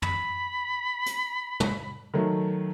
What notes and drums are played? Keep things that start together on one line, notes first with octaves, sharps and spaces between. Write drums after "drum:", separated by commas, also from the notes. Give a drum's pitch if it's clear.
B5, drum: tom
drum: hi-hat
drum: tom
D#3 F#3 A3